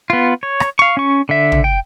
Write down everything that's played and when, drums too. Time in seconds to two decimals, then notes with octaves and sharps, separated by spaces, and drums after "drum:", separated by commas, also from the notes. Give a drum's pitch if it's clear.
0.10 B3 F4
0.43 C#5
0.60 drum: rim click
0.79 F5 C#6
0.97 C#4 C#6
1.29 D3 E5
1.52 drum: tom
1.64 G5